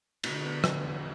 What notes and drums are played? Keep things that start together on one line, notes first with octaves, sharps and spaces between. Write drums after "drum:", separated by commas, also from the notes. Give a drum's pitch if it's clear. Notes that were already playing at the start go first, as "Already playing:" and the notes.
B2 D3, drum: cymbal
B3
F1, drum: rim click
E2